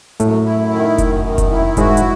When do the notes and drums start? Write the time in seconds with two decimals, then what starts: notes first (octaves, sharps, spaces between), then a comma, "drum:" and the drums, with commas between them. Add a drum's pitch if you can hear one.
0.20 F#2 A2 A3, drum: hi-hat
0.46 E4
0.73 D#3
0.98 F#2, drum: kick F1, hi-hat
1.25 D#3
1.38 drum: kick F1, hi-hat
1.51 E4
1.77 G#2 G#3 F#4, drum: kick F1, hi-hat
1.97 drum: hi-hat